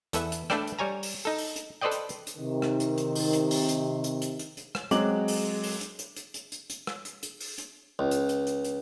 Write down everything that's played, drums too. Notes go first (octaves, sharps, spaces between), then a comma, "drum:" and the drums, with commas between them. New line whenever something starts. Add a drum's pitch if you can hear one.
E2 A4 B4 E5, drum: hi-hat
drum: hi-hat
A3 D4 A4 B4 D5 G5, drum: rim click
drum: hi-hat
G3 C#5 G#5 A#5
drum: open hi-hat
D#4 A4
drum: open hi-hat
drum: hi-hat
A4 B4 C5 D5 D#5 G5
drum: hi-hat
drum: hi-hat
drum: hi-hat
C3 D#3
drum: rim click
drum: hi-hat
drum: hi-hat
drum: open hi-hat
drum: hi-hat
drum: open hi-hat
drum: hi-hat
drum: hi-hat
drum: hi-hat
drum: hi-hat
drum: hi-hat
drum: rim click
F#3 G#3 C4 F#4 D6 F#7, drum: hi-hat
drum: open hi-hat
drum: open hi-hat
drum: hi-hat
drum: hi-hat
drum: hi-hat
drum: hi-hat
drum: hi-hat
drum: hi-hat
drum: rim click
drum: hi-hat
drum: hi-hat
drum: open hi-hat
drum: hi-hat
C#2
drum: hi-hat
drum: hi-hat
drum: hi-hat
drum: hi-hat